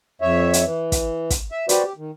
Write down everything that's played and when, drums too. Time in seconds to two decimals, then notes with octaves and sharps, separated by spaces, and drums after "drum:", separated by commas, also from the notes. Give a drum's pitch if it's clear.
0.21 F2 C#5 E5
0.53 drum: hi-hat
0.65 E3
0.92 drum: kick, hi-hat
1.30 drum: kick, hi-hat
1.52 E5
1.69 F#4 G4 B4 C5 D5, drum: hi-hat
1.84 G4
1.97 D#3